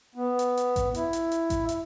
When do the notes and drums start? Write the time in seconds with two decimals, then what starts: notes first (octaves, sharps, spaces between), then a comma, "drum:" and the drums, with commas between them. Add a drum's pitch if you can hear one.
0.15 B3
0.39 drum: hi-hat
0.57 drum: hi-hat
0.76 drum: kick A1, hi-hat
0.94 E4, drum: hi-hat
1.13 drum: hi-hat
1.32 drum: hi-hat
1.50 drum: kick A1, hi-hat
1.69 drum: hi-hat